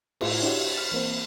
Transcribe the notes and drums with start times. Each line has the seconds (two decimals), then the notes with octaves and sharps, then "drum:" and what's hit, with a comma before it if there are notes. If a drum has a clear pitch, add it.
0.21 A2 E4 F4 G#4, drum: cymbal
0.43 D4 E4 F#4 G4 C#5 E5
0.74 F6 A6
0.92 E3 A#3 C4